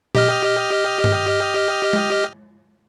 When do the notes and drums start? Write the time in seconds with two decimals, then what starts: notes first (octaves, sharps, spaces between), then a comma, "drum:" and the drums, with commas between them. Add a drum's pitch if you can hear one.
0.15 G4 D#5 F6, drum: tom A#2
1.04 drum: tom G2
1.93 drum: tom G#3